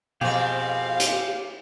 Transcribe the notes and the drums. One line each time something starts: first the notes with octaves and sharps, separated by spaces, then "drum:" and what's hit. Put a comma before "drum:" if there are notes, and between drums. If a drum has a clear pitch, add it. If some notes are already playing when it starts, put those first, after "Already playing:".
F2 B2 C4 G4 G#4 F5
drum: hi-hat